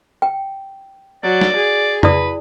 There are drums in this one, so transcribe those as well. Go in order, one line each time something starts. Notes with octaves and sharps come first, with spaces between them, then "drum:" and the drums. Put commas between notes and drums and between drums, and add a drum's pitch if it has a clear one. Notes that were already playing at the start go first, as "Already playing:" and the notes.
G5
F#3 D5
drum: snare
G#4
E4 B4 D5 D#6, drum: tom F2